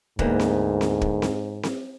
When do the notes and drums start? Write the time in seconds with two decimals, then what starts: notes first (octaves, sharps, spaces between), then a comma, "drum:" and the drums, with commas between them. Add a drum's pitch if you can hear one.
0.19 D2 G#2 A#3 B3, drum: kick
0.40 drum: snare C4
0.81 drum: snare C4
1.01 drum: kick
1.22 drum: snare C4
1.63 drum: snare C4